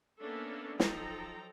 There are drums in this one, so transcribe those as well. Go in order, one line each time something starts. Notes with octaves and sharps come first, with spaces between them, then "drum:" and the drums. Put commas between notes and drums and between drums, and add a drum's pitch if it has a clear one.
A#3 B3 C#4 D4 A4 E5
F3 F#3 D#4 A4 G5 A#5, drum: snare